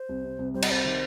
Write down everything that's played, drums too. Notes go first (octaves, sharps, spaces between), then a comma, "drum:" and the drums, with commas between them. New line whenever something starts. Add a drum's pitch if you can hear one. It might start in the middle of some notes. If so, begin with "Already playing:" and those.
Already playing: C5
C2
C3
C2
G3 C5
D#5, drum: cymbal
C2 C5
D#3